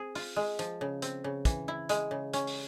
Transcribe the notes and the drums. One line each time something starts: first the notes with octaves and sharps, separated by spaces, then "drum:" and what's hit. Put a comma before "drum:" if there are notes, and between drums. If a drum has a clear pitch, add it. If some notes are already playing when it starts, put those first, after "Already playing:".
Already playing: C4 G#4
F4, drum: open hi-hat
G#3
F3, drum: hi-hat
C#3
C4, drum: hi-hat
C#3
E3, drum: kick, hi-hat
E4
G#3, drum: hi-hat
C#3
C#4, drum: hi-hat
drum: open hi-hat